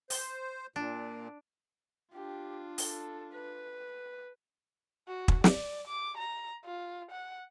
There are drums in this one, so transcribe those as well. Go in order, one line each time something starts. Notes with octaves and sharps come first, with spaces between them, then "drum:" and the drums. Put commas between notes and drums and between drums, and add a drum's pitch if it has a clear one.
C5, drum: open hi-hat
A#2 D4
D4 F4 G4
A4, drum: open hi-hat
B4
F#4
drum: kick
D5, drum: snare
D6
A#5
F4
F#5